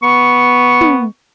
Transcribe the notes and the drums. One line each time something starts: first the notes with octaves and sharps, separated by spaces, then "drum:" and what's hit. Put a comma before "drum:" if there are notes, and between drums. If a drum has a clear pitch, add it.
B3 C#6
drum: tom